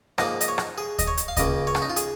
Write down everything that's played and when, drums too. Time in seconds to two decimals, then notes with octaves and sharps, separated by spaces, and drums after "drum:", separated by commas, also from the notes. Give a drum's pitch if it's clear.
0.18 G#2 F3 A#3 D#5, drum: rim click
0.41 D#5, drum: hi-hat
0.48 C#5
0.58 drum: rim click
0.78 G#4
0.99 D#5, drum: kick D2, hi-hat
1.08 C#5
1.17 drum: hi-hat
1.28 F5
1.37 C#2 C#3 A#3 D#5, drum: kick D2, hi-hat
1.67 C#5
1.75 C#4, drum: rim click
1.82 D#4
1.90 F4
1.96 G#4, drum: hi-hat